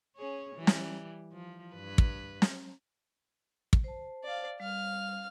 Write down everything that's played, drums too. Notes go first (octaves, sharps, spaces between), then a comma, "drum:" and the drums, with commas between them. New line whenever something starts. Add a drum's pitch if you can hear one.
C#4 G#4 C#5
E3 G3
drum: snare
F3
G2 B4
drum: kick
drum: snare
drum: kick
C5 A5
D5 F5
G3 F5 F6